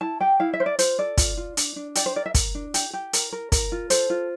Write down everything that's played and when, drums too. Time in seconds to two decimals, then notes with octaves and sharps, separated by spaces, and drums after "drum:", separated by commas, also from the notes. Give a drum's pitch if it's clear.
0.01 E4 A5
0.20 G4 G5
0.40 E4 F5
0.53 E5
0.60 A#4 C5
0.66 D5
0.79 F4 C5, drum: hi-hat
0.98 A4 D5
1.18 F4, drum: kick, hi-hat
1.37 F4
1.57 D4, drum: hi-hat
1.76 D4
1.95 G4 D5, drum: hi-hat
2.06 C5
2.16 A#4 D5
2.26 E5
2.35 A#4, drum: kick, hi-hat
2.55 D4
2.74 G4, drum: hi-hat
2.93 G4
3.13 A#4, drum: hi-hat
3.32 A#4
3.52 A#4, drum: kick, hi-hat
3.72 F4
3.90 A4 C5, drum: hi-hat
4.10 F4